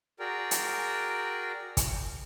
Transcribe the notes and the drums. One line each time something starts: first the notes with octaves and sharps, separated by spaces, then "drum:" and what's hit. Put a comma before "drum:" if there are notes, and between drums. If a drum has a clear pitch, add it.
F#4 G#4 A#4 D5 G5 A#5
drum: hi-hat
drum: kick, hi-hat